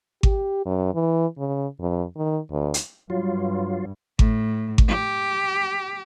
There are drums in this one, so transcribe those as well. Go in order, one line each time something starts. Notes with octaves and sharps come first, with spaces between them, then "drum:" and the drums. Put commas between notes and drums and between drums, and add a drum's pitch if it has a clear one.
G4, drum: kick G#1
F#2
E3
C#3
F2
D#3
D2
drum: hi-hat
G2 F#3 F4
A2, drum: kick G#1
drum: kick G#1
G4